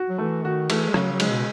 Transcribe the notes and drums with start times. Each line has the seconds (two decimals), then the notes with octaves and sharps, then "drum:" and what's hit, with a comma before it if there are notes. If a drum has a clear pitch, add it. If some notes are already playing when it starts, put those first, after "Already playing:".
Already playing: F#4
0.10 F#3
0.18 E3 A3
0.44 D#3 F#4
0.70 E3 A3, drum: cymbal
0.89 G#3
0.94 C#3 F#3, drum: rim click
1.12 F#3
1.20 G#3, drum: cymbal
1.29 B2